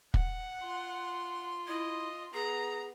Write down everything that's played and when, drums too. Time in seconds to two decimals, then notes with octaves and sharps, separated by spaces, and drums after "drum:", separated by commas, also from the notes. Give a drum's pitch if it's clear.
0.14 F#5, drum: kick
0.61 F4 C6
1.68 E4 D#5
2.34 B3 G#4 A#5